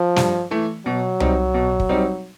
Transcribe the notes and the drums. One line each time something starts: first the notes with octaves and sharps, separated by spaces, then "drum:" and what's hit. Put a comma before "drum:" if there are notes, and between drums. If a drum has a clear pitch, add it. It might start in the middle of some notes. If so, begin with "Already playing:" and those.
Already playing: F3
G2, drum: snare
E3 A3
B2 F#3
G3 C4 D#4, drum: tom C2
B2
drum: kick
G3 C4 D#4